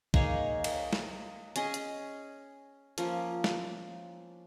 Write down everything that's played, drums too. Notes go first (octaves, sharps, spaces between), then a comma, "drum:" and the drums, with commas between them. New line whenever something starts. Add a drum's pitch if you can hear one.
A#3 D#4 G#4 C#5, drum: kick
drum: cymbal
drum: snare
C#4 G#4 D#5, drum: hi-hat
drum: hi-hat
F3 A#3 C#4, drum: hi-hat
drum: snare